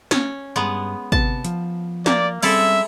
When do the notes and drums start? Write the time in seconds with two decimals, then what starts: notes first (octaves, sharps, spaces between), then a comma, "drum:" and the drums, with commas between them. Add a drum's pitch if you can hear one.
0.11 C#4, drum: snare
0.56 G2 G#3 B3 A#5 C6
1.12 C3 B3 A5, drum: kick
1.44 F3, drum: hi-hat
2.06 A#3 D5, drum: snare
2.42 G3 G#3 C4 C#4 E4 A4 E5, drum: cymbal